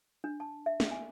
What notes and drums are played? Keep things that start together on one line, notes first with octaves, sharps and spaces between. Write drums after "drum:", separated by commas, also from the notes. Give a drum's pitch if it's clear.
D4
A5
E5
drum: snare
G#5